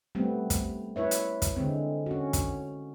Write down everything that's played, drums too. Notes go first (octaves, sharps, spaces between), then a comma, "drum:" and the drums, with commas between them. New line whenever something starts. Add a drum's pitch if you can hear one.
G3 A3 B3 C4
drum: kick, hi-hat
E4 B4 C#5 E5
drum: hi-hat
drum: kick, hi-hat
D3 G#3 C4
C#4 F#4
drum: kick, hi-hat